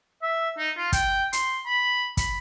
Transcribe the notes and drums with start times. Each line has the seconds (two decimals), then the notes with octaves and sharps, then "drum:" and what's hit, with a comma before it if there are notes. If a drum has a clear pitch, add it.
0.22 E5
0.58 D#4
0.77 F4
0.92 G5, drum: kick, hi-hat
1.33 C6, drum: hi-hat
1.66 B5
2.17 B5, drum: kick, hi-hat